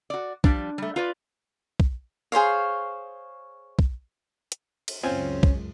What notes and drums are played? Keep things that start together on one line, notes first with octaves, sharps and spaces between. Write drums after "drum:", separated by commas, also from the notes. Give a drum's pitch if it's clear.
F#4 D5
F3 G3 D4, drum: kick
G3 A3
F4 B4 D5
drum: kick
G#4 C5 C#5 F5
drum: kick
drum: hi-hat
drum: cymbal
C#2 F#2 C4 C#4 F4 G#5
drum: kick